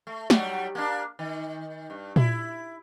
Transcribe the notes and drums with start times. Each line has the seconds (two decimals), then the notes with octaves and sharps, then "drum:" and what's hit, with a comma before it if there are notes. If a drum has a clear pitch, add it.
0.07 A3
0.30 G2 F#3 G3, drum: snare
0.75 A#3 D4
1.19 D#3
1.90 G2
2.16 E4, drum: tom A#2